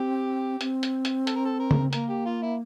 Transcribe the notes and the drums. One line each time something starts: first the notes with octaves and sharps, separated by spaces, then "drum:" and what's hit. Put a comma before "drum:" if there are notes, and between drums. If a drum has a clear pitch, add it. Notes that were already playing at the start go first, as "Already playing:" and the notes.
Already playing: C4 G4
C4, drum: hi-hat
drum: hi-hat
drum: hi-hat
A4, drum: hi-hat
A#4
A4
A#4
drum: tom C#3
A#3 A#4, drum: hi-hat
G4
F4
E4